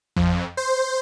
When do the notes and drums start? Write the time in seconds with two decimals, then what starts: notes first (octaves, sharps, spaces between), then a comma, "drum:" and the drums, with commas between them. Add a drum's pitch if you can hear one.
0.16 F2, drum: kick
0.57 C5